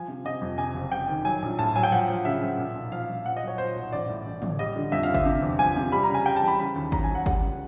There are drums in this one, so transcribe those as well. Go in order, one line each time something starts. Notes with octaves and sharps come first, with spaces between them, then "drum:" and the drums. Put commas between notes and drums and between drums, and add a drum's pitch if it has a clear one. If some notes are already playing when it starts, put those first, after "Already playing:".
Already playing: F3 G#5
C3
C3 D#5
F2
C3 G#5
F#1
F#1 G5
D#3
F#3 G#5
A#1
A2 A5
F#3 G#5
G5
F3 F#5
F3
C#3 E5
F3
A#2
B1
F3 F5
F3
A#2 F#5
D#5
F#3
C#5
A#2 C5
B1
A1 D5
A2
A1
A1, drum: tom
G3 D#5
D3
F2 E5
F5, drum: hi-hat
D3
E5, drum: kick G#1
C3
E2
F3 G#5
C3
G3 B5
A#5
C#3
G#5
G3 G5
A5
E3
B5
C#3 B5
D#2
F#3 A#5, drum: kick G#1
G#5
F#3
F#5
G3 F#5, drum: kick G#1
C#2